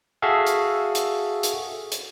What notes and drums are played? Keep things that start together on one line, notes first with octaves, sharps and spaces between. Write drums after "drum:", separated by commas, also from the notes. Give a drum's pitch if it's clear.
F#4 G#4 A4 E5 F5
drum: hi-hat
drum: hi-hat
drum: hi-hat
drum: hi-hat